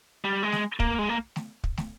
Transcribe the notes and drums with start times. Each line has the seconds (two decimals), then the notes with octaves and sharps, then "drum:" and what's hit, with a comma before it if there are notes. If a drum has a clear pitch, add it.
0.25 G3
0.43 G#3
0.52 drum: snare
0.80 A#3, drum: kick
0.99 G#3
1.09 A#3
1.36 drum: snare
1.64 drum: kick
1.77 drum: snare